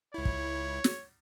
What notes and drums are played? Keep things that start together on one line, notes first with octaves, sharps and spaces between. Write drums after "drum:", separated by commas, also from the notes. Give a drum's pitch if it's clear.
C#2 E4 C#5
drum: kick
drum: snare